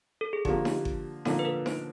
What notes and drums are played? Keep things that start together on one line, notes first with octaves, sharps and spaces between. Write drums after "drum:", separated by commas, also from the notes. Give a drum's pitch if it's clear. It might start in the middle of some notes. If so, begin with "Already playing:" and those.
A4
G#4
D3 F3 A#3 G4, drum: kick G1
drum: snare D#4
drum: kick G1
D3 F3 A#3 A4, drum: snare D#4
B4
A#4
C5, drum: snare D#4